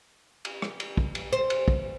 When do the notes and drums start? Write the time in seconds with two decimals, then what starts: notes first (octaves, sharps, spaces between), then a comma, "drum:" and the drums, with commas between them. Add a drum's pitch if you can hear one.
0.45 drum: cymbal
0.62 drum: rim click
0.80 drum: cymbal
0.97 drum: kick
1.15 drum: cymbal
1.33 C5
1.50 drum: cymbal
1.68 drum: kick